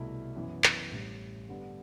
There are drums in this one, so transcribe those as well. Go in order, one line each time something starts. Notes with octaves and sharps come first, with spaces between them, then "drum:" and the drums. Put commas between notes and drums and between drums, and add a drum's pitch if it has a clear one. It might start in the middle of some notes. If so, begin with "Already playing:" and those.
Already playing: C2 B2 A3 E4
F#2 E3 B3
drum: clap
A1 A2 G3
G2 D3 G3 B3